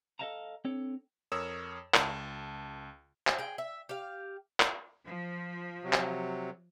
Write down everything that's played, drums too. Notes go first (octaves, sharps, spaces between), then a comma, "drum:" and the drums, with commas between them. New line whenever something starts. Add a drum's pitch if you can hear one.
A4 C5 D#5 F5 A5 A#5
C4 D4 A4 C#5
F2 A#4 C#5 D#6 E6 E7
C#2 A5, drum: clap
drum: clap
G#4 G5
E5
G4 F5
drum: clap
F3
C3 F#3
drum: clap